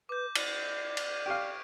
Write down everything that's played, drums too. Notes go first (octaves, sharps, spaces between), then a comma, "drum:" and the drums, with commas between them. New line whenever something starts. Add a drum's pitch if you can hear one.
B4 D6 G6
D5, drum: cymbal
drum: cymbal
G4 F5 C#6 D7